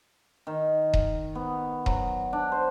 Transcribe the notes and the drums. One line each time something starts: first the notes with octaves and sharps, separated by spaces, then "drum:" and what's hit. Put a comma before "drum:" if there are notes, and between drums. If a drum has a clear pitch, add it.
D#3
drum: kick D#1
B3
F#3, drum: kick D#1
D4
C5